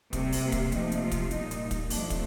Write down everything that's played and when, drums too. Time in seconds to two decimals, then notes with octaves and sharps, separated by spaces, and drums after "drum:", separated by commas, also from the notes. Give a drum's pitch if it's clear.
0.13 C3 G3 A3, drum: kick, hi-hat
0.32 drum: open hi-hat
0.42 A#3
0.52 drum: kick, hi-hat
0.72 C3 F3 A3 D#4, drum: hi-hat
0.92 drum: hi-hat
1.02 F4
1.11 drum: kick, hi-hat
1.31 G3 D#4, drum: hi-hat
1.36 A#2
1.51 drum: hi-hat
1.71 drum: kick, hi-hat
1.90 F2 C3 F3 A3 D4, drum: open hi-hat
2.10 drum: kick, hi-hat